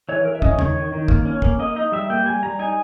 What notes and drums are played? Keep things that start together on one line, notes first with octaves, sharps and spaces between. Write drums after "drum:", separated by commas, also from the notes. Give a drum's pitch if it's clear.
E3 C#5
E3 A#4
E5
C#4 D#5, drum: kick
D#3 C#5, drum: tom E2
D#3
D#3
A#3, drum: kick
C#4
A#3, drum: kick
A#3 D#5
D#4 D#5
G3 E5
A#3 G5
G3 G#5
G3 A#5
D#4 G#5